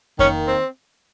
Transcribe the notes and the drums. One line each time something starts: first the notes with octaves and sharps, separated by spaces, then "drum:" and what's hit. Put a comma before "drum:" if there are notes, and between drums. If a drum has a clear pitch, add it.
D#3 A#3 C#4, drum: kick F2
C4